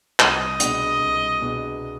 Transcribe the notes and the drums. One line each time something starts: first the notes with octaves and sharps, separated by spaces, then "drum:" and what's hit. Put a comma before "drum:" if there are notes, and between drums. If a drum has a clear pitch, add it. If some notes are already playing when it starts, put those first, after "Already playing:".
C2 D#5, drum: clap
B2 B3 D4 G#4, drum: hi-hat
C2
B2 B3 D4 G#4